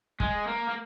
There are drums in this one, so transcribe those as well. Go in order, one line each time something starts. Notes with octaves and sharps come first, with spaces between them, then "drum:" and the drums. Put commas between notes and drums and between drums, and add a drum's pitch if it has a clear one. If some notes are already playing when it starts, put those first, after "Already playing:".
G#3, drum: kick
A#3
A#3